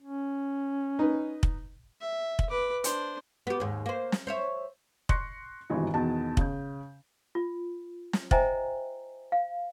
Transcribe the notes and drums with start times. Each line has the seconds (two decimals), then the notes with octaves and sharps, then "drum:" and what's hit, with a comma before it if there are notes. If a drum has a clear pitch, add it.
0.02 C#4
0.99 D#4 B4
1.43 drum: kick
2.00 E5
2.39 drum: kick
2.50 B4 D6
2.84 D4 C5, drum: hi-hat
3.47 B3 G4
3.60 D#2 G#2
3.86 A#3 C5
4.12 drum: snare
4.27 C5 C#5 E5
5.09 C6 C#6 F#6 A#6 C#7, drum: kick
5.70 G#1 G2 B2 E3 D#4
5.94 E2 B2 D#3 A5
6.37 C#3 G6, drum: kick
7.35 F4
8.13 drum: snare
8.31 C5 D#5 E5 G5 G#5 A#5, drum: kick
9.32 F5